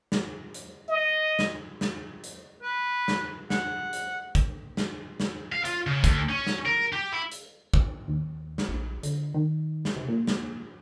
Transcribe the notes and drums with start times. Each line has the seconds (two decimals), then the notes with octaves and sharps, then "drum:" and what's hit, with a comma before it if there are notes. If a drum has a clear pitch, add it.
0.12 drum: snare
0.54 drum: hi-hat
0.89 D#5
1.39 drum: snare
1.81 drum: snare
2.23 drum: hi-hat
2.62 B4
3.08 drum: snare
3.50 F#5, drum: snare
3.93 drum: hi-hat
4.35 drum: kick, hi-hat
4.77 drum: snare
5.20 drum: snare
5.52 F5
5.65 F4, drum: hi-hat
5.87 C#3
6.04 D2, drum: kick, hi-hat
6.29 C#4
6.47 drum: snare
6.66 A#4
6.93 G4
7.12 E4
7.31 drum: hi-hat
7.74 drum: kick
8.08 D#2
8.58 drum: snare
8.69 A#1
9.03 D3, drum: hi-hat
9.34 D#3
9.85 drum: snare
9.96 C3
10.08 A#2
10.27 drum: snare